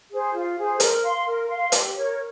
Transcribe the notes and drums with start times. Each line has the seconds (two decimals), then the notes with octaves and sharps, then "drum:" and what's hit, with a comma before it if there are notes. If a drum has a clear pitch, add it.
0.11 G#4 C5
0.34 F4
0.57 G#4 C5
0.80 A#4, drum: hi-hat
1.03 F5 C6
1.26 A#4
1.48 F5 C6
1.72 G4, drum: hi-hat
1.95 A#4 C#5